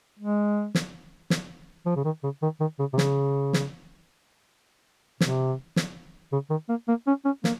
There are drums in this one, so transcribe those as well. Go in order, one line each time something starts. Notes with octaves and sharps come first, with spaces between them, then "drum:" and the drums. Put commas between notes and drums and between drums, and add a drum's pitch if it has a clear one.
G#3
drum: snare
drum: snare
F3
C#3
D#3
C#3
D#3
D#3
C#3
C3
C#3, drum: snare
drum: snare
C3, drum: snare
drum: snare
C#3
D#3
A#3
A#3
C#4
C#4
A#3, drum: snare